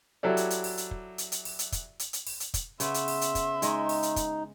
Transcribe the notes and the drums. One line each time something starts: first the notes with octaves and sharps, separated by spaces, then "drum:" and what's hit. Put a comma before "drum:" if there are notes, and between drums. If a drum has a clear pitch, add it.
F#3 E4 G4 A4 D5
drum: hi-hat
drum: hi-hat
drum: open hi-hat
drum: hi-hat
drum: kick
drum: hi-hat
drum: hi-hat
drum: open hi-hat
drum: hi-hat
drum: kick, hi-hat
drum: hi-hat
drum: hi-hat
drum: open hi-hat
drum: hi-hat
drum: kick, hi-hat
C#3 B3 E5 C6, drum: hi-hat
drum: hi-hat
drum: open hi-hat
drum: hi-hat
drum: kick, hi-hat
G#3 D#4 D#5, drum: hi-hat
drum: open hi-hat
drum: hi-hat
drum: kick, hi-hat